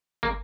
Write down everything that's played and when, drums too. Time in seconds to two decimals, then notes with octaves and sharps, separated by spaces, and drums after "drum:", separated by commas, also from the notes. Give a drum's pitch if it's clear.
0.23 A#3, drum: kick